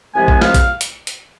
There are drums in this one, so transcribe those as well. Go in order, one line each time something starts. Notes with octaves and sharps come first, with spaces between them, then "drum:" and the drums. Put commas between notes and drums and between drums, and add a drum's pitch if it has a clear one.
C2 C3 F3 G#3 B3 G#5
drum: kick
F5, drum: snare
drum: kick, hi-hat
drum: hi-hat
drum: hi-hat